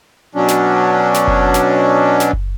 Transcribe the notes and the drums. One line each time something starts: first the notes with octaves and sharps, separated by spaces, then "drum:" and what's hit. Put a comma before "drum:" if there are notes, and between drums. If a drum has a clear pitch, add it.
B2 F#3 C#4 D4
drum: snare
drum: snare
drum: kick F#1
drum: snare
drum: snare
drum: kick F#1